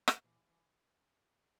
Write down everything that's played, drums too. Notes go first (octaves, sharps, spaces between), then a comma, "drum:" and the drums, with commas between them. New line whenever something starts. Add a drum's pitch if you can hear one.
drum: rim click
A#2 E3
E3